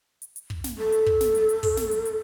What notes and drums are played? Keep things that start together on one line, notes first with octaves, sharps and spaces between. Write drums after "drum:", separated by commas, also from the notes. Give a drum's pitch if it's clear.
drum: hi-hat
drum: hi-hat
drum: kick
drum: snare
A4
drum: hi-hat
drum: kick
drum: snare
drum: hi-hat
drum: hi-hat
drum: kick, open hi-hat
drum: snare
drum: hi-hat
drum: hi-hat